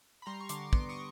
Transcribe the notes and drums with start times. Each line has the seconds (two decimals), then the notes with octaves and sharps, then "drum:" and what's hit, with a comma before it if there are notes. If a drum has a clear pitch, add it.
0.22 B5
0.26 G3 A#5 C6
0.40 C#6
0.49 D3 C6 D6, drum: hi-hat
0.73 B3 C6 D6, drum: kick
0.89 C#6 D#6